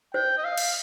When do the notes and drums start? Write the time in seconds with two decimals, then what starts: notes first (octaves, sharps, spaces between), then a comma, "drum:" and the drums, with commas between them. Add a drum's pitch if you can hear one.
0.14 C5 G5
0.38 D#5
0.44 F5
0.58 drum: cymbal